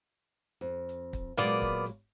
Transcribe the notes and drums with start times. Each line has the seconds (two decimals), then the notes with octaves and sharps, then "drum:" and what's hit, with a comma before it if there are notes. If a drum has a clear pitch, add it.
0.61 F2
0.89 drum: hi-hat
1.13 drum: kick, hi-hat
1.37 A#2 F#3 G#3 A#3 B3 D5
1.62 drum: kick, hi-hat
1.86 drum: hi-hat